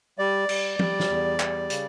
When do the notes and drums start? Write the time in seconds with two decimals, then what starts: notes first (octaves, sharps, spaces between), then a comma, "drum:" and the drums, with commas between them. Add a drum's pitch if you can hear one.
0.18 G3 D5
0.49 G3, drum: cymbal
0.79 G3, drum: tom
1.00 drum: snare
1.09 E2
1.40 G3, drum: clap
1.70 C#3, drum: hi-hat